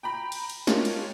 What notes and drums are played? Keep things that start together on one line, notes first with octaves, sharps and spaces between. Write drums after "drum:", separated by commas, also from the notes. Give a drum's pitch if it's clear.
G5 A#5 B5
drum: cymbal
drum: cymbal
G#3 A#3 C#4 D4 F4 G4, drum: snare
drum: cymbal